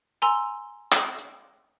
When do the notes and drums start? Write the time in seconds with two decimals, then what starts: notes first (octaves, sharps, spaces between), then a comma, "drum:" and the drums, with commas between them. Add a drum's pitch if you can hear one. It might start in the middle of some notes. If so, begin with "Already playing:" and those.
0.22 G#5 A#5 C6 E6
0.92 drum: clap
1.19 drum: hi-hat